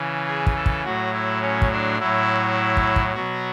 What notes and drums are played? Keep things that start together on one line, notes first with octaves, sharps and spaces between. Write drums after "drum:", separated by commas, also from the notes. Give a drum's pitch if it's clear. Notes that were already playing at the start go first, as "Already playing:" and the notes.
Already playing: C#3 E3
G#4
drum: kick
A4
drum: kick
A2 F#3 F#4
E4
C#4
drum: kick
D4
A2 F#3 E4
drum: kick
drum: kick
B2 F#3 F#4